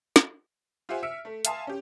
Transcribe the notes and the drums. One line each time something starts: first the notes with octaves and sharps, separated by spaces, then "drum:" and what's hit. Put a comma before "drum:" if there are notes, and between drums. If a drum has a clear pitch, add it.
drum: snare
F4 G4 C5 E5 F#5 G#5
E5 E6 F6 B6 C#7 D7
A3
E5 F5 G#5 A5 C6 D#6, drum: hi-hat
C#4 G4